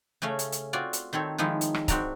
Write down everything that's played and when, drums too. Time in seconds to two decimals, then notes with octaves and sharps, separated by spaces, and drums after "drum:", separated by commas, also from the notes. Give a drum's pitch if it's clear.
0.22 C#3 A3 C#4 F5
0.39 drum: hi-hat
0.52 drum: hi-hat
0.73 C4 F4 F#4 D5
0.93 drum: hi-hat
1.13 D#3 C4 A4 C#5
1.38 D#3 F3 G#3 D#4 E4
1.61 drum: hi-hat
1.74 drum: rim click
1.88 G#2 C4 F#4 D5 A5 A#5, drum: kick C#1, hi-hat